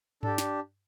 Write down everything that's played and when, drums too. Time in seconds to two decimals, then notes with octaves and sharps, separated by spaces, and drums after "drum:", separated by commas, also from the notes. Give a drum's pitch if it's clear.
0.23 D4 G4 A4, drum: tom G2
0.38 drum: snare